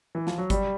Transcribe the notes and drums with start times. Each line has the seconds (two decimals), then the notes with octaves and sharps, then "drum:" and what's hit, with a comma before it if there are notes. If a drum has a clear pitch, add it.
0.15 E3
0.27 F3, drum: snare
0.38 F#3
0.50 G3, drum: kick G1, hi-hat